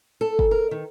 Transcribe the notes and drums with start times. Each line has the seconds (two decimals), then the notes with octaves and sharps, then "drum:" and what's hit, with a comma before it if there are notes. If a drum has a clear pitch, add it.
0.21 A4
0.39 drum: kick
0.51 A#4
0.71 D#3